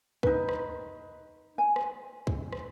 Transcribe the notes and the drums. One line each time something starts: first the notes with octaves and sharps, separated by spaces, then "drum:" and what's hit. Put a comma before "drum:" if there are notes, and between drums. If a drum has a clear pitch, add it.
D#4 B4, drum: kick
drum: rim click
G#5
drum: rim click
drum: kick
drum: rim click